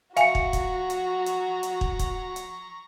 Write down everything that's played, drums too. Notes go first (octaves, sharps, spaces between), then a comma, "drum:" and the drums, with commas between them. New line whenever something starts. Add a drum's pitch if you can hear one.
F#4 E5 F5 G#5 A#5 C#6 C#7, drum: hi-hat
drum: kick
drum: kick, hi-hat
drum: hi-hat
drum: hi-hat
drum: hi-hat
drum: kick
drum: kick, hi-hat
drum: hi-hat